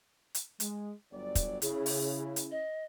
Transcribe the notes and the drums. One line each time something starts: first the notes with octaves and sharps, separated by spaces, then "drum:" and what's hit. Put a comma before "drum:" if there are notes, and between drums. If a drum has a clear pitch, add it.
drum: hi-hat
G#3, drum: hi-hat
G1 F#3 D5
drum: kick, hi-hat
C#3 E4 G#4, drum: hi-hat
drum: open hi-hat
drum: hi-hat
D#5